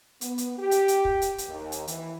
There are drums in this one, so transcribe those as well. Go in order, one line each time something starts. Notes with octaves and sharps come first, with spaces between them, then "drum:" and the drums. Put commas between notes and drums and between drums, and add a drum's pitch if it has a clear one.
B3, drum: hi-hat
drum: hi-hat
G4
drum: hi-hat
drum: hi-hat
drum: kick
drum: hi-hat
drum: hi-hat
D#2
drum: hi-hat
E3, drum: hi-hat